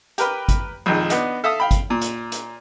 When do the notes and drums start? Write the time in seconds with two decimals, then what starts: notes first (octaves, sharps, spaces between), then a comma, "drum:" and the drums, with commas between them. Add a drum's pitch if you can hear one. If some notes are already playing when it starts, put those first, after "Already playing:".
0.18 G4 A#4 B4 G5, drum: hi-hat
0.49 drum: kick G1, hi-hat
0.86 A#1 F2 D#3 G#3
1.10 B3 D4 D#4, drum: hi-hat
1.44 A4 E5 F5 D#6
1.60 F5 G5 B5
1.71 drum: kick G1, hi-hat
1.90 A#2
2.01 drum: hi-hat
2.32 drum: hi-hat